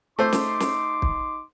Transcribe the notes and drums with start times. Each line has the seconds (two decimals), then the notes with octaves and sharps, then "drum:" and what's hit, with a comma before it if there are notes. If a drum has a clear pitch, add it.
0.19 A3 D#4 C5 C6 D6
0.33 drum: snare
0.60 drum: snare
1.02 drum: kick